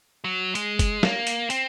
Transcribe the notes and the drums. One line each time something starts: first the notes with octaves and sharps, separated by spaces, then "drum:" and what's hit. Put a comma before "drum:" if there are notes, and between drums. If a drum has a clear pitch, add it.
F#3
G#3, drum: hi-hat
drum: kick F#1, hi-hat
A#3, drum: snare
drum: hi-hat
C4, drum: hi-hat